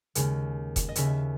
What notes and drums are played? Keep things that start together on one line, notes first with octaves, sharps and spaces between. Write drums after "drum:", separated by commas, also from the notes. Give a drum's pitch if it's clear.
D#2 C#3 G#3, drum: hi-hat
drum: kick F1, hi-hat
D#5
D#2 C#3 G#3 E5, drum: hi-hat